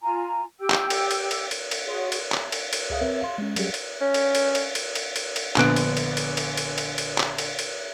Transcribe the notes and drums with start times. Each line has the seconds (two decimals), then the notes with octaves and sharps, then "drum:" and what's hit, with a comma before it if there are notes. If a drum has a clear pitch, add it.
0.01 F4 G#5 A#5
0.59 G4 G5 E6
0.70 drum: clap
0.90 drum: cymbal
1.11 drum: cymbal
1.31 drum: cymbal
1.51 drum: cymbal
1.71 drum: cymbal
1.86 F#4 G#4 C#5 C6
2.12 drum: cymbal
2.32 drum: clap
2.52 drum: cymbal
2.73 drum: cymbal
2.90 C#2 G#4 E5 F5 D#6
3.01 C4 A#4 B4 C#5 E5
3.21 F5 C6
3.38 G#3 C#4
3.56 F#3 G3 C#4 G4 G#4, drum: cymbal
3.74 drum: cymbal
4.01 C#4
4.14 drum: cymbal
4.35 drum: cymbal
4.55 drum: cymbal
4.75 drum: cymbal
4.95 drum: cymbal
5.16 drum: cymbal
5.36 drum: cymbal
5.56 A#1 D3 B3 F#6 D7, drum: clap
5.76 drum: cymbal
5.97 drum: cymbal
6.17 drum: cymbal
6.37 drum: cymbal
6.57 drum: cymbal
6.78 drum: cymbal
6.98 drum: cymbal
7.18 drum: clap
7.38 drum: cymbal
7.59 drum: cymbal